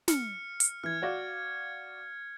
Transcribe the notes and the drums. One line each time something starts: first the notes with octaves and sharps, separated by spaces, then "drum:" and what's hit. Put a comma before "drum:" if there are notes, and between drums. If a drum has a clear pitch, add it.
F6 C#7, drum: snare
drum: hi-hat
E3 F6 G#6
F#4 D5 F5